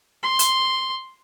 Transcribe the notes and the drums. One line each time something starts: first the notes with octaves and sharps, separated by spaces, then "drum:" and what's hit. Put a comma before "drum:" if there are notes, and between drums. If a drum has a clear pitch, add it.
C6
drum: hi-hat